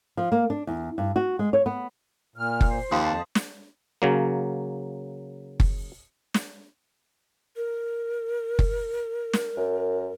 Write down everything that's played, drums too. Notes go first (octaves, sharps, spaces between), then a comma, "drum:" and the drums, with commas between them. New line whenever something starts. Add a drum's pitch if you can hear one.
F3
A#3
D4
E2
G2
F#4
G#3
C#5
B3
A#2 F6
drum: kick F#1
C5
D#2 F3 F4 F5 C6 D#6
F2 A5
drum: snare
C#3 F#3 A#3
drum: kick F#1
drum: snare
A#4
drum: kick F#1
drum: snare
F#2